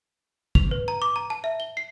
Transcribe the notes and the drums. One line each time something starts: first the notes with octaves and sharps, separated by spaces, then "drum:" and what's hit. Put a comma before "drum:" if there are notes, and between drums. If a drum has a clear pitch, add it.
F7, drum: kick
B4
A#5
D6
A#5
A5
E5
G7
C7